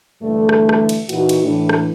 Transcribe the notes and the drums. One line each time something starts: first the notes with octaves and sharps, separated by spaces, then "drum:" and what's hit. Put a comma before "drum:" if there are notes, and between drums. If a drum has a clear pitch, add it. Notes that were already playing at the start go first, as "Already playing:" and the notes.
G2 D3 E3 A3
drum: rim click
drum: rim click
drum: cymbal
A#2 E3 D#4 F#4, drum: cymbal
drum: cymbal
A2 E3 D4
drum: rim click